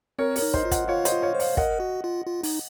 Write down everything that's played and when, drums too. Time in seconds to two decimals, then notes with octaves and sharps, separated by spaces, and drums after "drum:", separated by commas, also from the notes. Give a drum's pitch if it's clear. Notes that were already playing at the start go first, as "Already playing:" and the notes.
0.19 C4 A#4 C#5
0.36 A#4 C#5, drum: open hi-hat
0.42 D#4
0.54 C5 D#5, drum: kick
0.65 F4
0.71 D#5 F#5, drum: kick, hi-hat
0.88 F4 C#5 F5
1.05 C5 D#5, drum: hi-hat
1.11 F4
1.22 C#5 F5
1.35 C5
1.40 C#5 F5, drum: open hi-hat
1.57 A#4 D#5 F#5, drum: kick
1.80 F#4
2.04 F4
2.26 F4
2.43 D#4, drum: open hi-hat